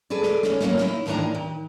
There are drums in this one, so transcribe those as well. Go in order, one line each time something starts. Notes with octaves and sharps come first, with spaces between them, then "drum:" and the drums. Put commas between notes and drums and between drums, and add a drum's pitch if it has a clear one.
G#4 A4 B4 D5
drum: snare
C#4, drum: snare
F#3 A#3 C#4, drum: snare
D#4 E4, drum: snare
D#2 A2 D#3 E3 D4 A#5
D#3